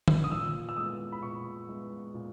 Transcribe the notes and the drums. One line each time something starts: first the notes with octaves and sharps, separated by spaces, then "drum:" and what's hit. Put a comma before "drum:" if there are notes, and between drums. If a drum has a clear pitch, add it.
drum: tom
D#6
A#2 E6
E6
G#3 B3 D#6
B5
A#2 C#6
G#3 B3
A#2